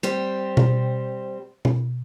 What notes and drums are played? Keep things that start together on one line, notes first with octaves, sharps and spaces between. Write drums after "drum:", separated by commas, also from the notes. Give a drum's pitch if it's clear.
G3 C4
drum: tom B2
drum: tom B2